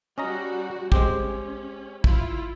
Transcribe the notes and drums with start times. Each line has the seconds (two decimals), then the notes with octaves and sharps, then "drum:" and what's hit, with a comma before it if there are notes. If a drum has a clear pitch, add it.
0.18 G3 C#4 F#4 D#5 A#5
0.92 G#3 C4 C#4 G4, drum: kick
2.04 E4 F4, drum: kick